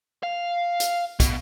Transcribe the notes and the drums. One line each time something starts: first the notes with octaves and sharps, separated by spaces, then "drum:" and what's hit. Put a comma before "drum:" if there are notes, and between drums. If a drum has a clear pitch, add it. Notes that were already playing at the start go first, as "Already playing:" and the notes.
F5
drum: hi-hat
B2, drum: kick, hi-hat